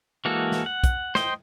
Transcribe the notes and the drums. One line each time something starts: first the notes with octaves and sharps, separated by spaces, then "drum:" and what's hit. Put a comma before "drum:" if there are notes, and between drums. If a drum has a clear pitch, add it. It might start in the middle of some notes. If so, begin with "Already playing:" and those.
E3 G#3 A#3 F#4 A4
drum: snare
F#5
drum: kick, hi-hat
C5 D#5 G5, drum: snare